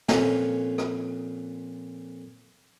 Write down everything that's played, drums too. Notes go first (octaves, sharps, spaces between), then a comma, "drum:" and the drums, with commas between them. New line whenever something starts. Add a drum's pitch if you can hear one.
F2 A#2 F3 C#4, drum: snare
drum: rim click